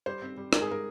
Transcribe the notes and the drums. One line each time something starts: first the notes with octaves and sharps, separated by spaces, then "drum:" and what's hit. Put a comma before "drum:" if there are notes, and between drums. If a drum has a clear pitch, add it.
G3 C5
C4
G3
G#2 A#4, drum: rim click
G#4
A#4